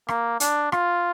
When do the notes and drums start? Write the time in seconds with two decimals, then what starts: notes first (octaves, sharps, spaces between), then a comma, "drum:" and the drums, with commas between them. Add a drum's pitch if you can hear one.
0.09 A#3, drum: rim click
0.40 D4, drum: hi-hat
0.72 F4, drum: rim click